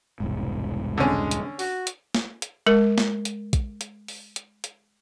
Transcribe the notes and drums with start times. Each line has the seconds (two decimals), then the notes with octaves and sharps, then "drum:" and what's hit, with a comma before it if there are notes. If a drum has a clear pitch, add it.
0.20 E1 C2 G#2
0.98 D3 G#3 C#4
1.31 drum: hi-hat
1.59 F#4, drum: open hi-hat
1.87 drum: hi-hat
2.15 drum: snare
2.42 drum: hi-hat
2.66 G#3 A#4
2.98 drum: snare
3.25 drum: hi-hat
3.53 drum: kick, hi-hat
3.81 drum: hi-hat
4.08 drum: open hi-hat
4.36 drum: hi-hat
4.64 drum: hi-hat